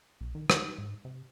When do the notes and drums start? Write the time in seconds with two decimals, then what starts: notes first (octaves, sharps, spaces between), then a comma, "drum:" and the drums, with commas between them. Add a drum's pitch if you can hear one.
0.21 B1
0.35 D#3
0.50 D#3, drum: rim click
0.78 G#2
1.05 C3